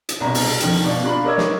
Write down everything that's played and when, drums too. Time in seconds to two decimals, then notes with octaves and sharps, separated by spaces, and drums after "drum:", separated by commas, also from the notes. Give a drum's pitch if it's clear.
0.09 drum: hi-hat
0.20 C2 G2 B2 A#5
0.34 drum: open hi-hat
0.60 F2 D3 D#3 F3, drum: hi-hat
0.82 G#1 B2 D5 F5
1.03 D4 F4 A#5 B5 F#7
1.25 A#4 C#5 D#5 D6 E6 G#6
1.38 drum: snare